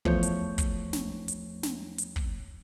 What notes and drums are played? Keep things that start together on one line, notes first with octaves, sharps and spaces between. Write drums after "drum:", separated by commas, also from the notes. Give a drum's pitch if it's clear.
E2 F3 A3 C#5 C#6 G6, drum: kick
drum: hi-hat
drum: kick, hi-hat
drum: snare
drum: hi-hat
drum: snare
drum: hi-hat
drum: kick